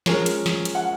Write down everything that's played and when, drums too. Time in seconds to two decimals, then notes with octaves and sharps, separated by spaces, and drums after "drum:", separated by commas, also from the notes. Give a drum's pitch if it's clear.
0.06 F3 G#3 C#4 A#4 C#5, drum: snare
0.26 drum: hi-hat
0.46 drum: snare
0.65 drum: hi-hat
0.75 F#5